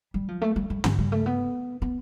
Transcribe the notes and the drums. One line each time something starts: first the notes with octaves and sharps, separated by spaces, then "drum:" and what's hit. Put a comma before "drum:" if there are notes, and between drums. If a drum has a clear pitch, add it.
G3
F3
A3
G3
G3
G3, drum: tom
G3
A3
B3
B3